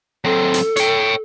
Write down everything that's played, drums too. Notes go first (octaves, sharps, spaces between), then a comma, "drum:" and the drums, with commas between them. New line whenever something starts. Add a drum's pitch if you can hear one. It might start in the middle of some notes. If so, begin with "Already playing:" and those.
F#3 C4 A4
drum: hi-hat
C#5 G5, drum: hi-hat